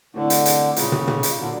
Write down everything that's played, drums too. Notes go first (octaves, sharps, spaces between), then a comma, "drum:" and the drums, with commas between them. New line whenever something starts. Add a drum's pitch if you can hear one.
A2 D3 E3 A3 C4
drum: hi-hat
drum: hi-hat
A#2 C#3 F3 G#3, drum: hi-hat
drum: tom
drum: tom
drum: hi-hat
A#2 D3 F#3 A#3 D4